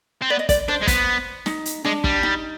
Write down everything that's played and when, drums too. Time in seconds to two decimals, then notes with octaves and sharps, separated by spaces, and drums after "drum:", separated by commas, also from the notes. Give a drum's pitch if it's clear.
0.22 C4
0.30 B3 D5
0.39 D#5
0.49 D5, drum: kick, hi-hat
0.68 D4 C5
0.83 G#3
0.87 B3, drum: kick, hi-hat
1.46 D#4, drum: snare
1.65 drum: hi-hat
1.84 G#3 D4
2.04 G3, drum: kick
2.23 D#4